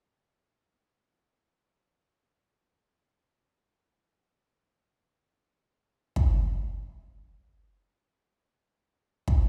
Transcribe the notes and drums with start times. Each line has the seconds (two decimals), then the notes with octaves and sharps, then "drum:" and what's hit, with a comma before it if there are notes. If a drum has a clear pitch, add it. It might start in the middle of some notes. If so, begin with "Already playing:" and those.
0.19 D#3 B3 C4 C5
0.51 A#3 B4
1.01 A3 D4 F#4 G4 A4
1.30 C3 D#3 A3 D#4 G4 A4
1.49 C3 C4 D4
1.78 F#3 B4 E5
3.12 E3 C4
5.11 C5
5.48 C#2 B5
6.16 drum: kick
7.77 C#5 G#5
9.28 drum: kick